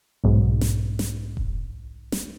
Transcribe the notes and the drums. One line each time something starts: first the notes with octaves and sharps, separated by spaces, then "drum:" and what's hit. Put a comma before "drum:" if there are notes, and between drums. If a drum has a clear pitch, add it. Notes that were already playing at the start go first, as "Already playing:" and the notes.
B1 G#2
drum: snare
drum: snare
drum: kick E1
drum: snare